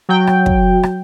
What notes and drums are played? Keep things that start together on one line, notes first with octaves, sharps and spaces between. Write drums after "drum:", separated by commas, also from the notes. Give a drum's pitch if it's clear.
F#3 G5
drum: rim click
drum: kick
drum: rim click